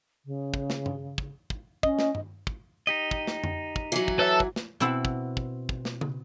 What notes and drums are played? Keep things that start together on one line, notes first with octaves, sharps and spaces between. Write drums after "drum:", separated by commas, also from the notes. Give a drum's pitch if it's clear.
C#3
drum: kick
drum: snare
drum: tom G2
drum: kick
drum: kick
C#4 D#5, drum: kick
drum: snare
drum: tom G2
drum: kick
D#4 G4 D#5
drum: kick
drum: snare
drum: tom F2
drum: kick
E3 F#3
drum: kick
A4 B4 C#5 E5
drum: kick
drum: snare
B2 C4 E4 E5 F#5
drum: kick
drum: kick
drum: kick
drum: snare
drum: tom C#3